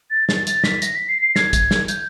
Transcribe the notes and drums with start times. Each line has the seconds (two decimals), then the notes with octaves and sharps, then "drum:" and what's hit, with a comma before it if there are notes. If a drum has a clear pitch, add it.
0.10 A6
0.29 A6, drum: snare
0.47 A6, drum: hi-hat
0.64 B6, drum: snare
0.82 A#6, drum: hi-hat
0.95 B6
1.09 C7
1.22 C7
1.36 G#6, drum: snare
1.53 drum: kick, hi-hat
1.71 drum: snare
1.88 G6, drum: hi-hat